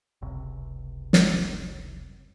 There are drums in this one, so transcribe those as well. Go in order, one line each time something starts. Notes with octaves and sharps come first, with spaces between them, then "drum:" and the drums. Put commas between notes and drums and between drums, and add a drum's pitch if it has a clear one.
F#1 C#2 C3
drum: snare